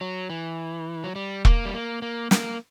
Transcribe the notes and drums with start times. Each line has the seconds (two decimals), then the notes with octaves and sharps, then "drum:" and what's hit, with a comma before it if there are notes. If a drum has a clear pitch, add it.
0.01 F#3
0.30 E3
1.04 F#3
1.16 G3
1.45 A#3, drum: kick E1
1.65 G3
1.74 A#3
2.02 A#3
2.31 A#3, drum: snare